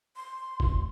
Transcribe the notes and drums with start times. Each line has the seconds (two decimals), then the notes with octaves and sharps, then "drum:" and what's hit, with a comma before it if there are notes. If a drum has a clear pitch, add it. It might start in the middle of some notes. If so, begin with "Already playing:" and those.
0.16 C6
0.60 E2, drum: kick
0.76 D2